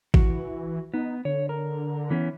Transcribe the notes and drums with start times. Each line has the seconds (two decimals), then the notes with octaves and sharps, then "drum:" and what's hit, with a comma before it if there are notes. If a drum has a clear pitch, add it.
0.14 E3 F#4, drum: kick G#1
0.94 B3 D#4
1.25 D3 C#5
1.49 A#4
2.10 E3 B3 C#4